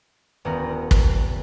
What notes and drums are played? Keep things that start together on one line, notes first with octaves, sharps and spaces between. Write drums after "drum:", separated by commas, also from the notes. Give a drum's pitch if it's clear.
D#1 B3 A#4
drum: kick